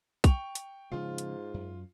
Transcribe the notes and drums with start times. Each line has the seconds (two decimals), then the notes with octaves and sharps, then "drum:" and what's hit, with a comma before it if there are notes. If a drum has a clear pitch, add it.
0.24 G5 C#6 F7, drum: kick, hi-hat
0.55 drum: hi-hat
0.92 G#2 C#3 F3 G#3 F4
1.18 drum: hi-hat
1.54 F#2